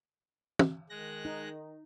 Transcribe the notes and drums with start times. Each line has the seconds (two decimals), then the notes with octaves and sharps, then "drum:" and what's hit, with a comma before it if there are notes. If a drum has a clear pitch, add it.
0.59 drum: tom
0.90 D#3 G#3 F#6 A#6
1.25 D#4